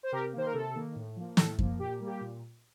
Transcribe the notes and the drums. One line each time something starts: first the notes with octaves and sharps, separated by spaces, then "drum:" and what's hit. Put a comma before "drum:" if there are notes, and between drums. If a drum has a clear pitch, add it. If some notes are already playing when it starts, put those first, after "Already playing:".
C5
C3 G4 A#4
D#3 A#3 C5
A#4
C3 A4
D#3 A#3
A2
F3 A#3
A2 A4, drum: snare
F3 A#3, drum: kick F#2
A#2 G4
G3 A#3
G4
A#2